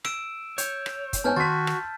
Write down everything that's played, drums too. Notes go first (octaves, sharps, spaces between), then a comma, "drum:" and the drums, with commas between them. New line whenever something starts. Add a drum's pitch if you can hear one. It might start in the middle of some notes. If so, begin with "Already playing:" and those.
E6 D7 E7, drum: rim click
C#5 G6, drum: hi-hat
drum: rim click
drum: kick, hi-hat
G#2 B3 C#5 G#5 A5 F6 G6
D#3 F#4 A5 C6 A6 B6
drum: rim click